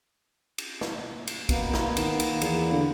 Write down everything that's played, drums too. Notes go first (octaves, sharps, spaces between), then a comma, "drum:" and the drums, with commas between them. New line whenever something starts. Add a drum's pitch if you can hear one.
drum: cymbal
drum: snare
drum: cymbal
B2 A#3 B3, drum: kick, cymbal
drum: snare
D#3, drum: cymbal
drum: cymbal
E2, drum: cymbal
D3